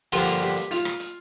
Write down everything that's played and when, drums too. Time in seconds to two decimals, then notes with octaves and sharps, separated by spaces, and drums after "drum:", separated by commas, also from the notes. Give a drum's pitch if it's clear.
0.12 G2 D3 F3 A#3 F4 G4, drum: hi-hat
0.27 drum: open hi-hat
0.42 G4, drum: hi-hat
0.56 drum: hi-hat
0.71 F4, drum: open hi-hat
0.85 drum: rim click
1.00 drum: hi-hat